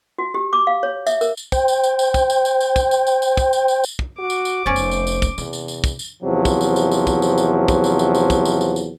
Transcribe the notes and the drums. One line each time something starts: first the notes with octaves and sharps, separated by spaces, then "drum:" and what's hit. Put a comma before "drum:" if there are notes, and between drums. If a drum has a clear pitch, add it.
F#4
G4
D6
F5
C#5
E5, drum: tambourine
A#4, drum: tambourine
drum: tambourine
C5 G5, drum: kick, tambourine
drum: tambourine
drum: tambourine
drum: tambourine
drum: kick, tambourine
drum: tambourine
drum: tambourine
drum: tambourine
drum: kick, tambourine
drum: tambourine
drum: tambourine
drum: tambourine
drum: kick, tambourine
drum: tambourine
drum: tambourine
drum: tambourine
drum: kick
F#4 D6
drum: tambourine
drum: tambourine
F1 B3 C#4 C5 D5
drum: tambourine
drum: tambourine
drum: tambourine
drum: kick, tambourine
E2 C3, drum: tambourine
drum: tambourine
drum: tambourine
drum: kick, tambourine
drum: tambourine
E2 C3 F3 F#3
drum: kick, tambourine
drum: tambourine
drum: tambourine
drum: tambourine
drum: kick, tambourine
drum: tambourine
drum: tambourine
drum: kick, tambourine
drum: tambourine
drum: tambourine
drum: tambourine
drum: kick, tambourine
drum: tambourine
drum: tambourine
drum: tambourine